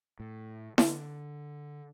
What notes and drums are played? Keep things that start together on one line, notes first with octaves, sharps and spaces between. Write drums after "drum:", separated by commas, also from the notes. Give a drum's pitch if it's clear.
A2
D3, drum: snare E4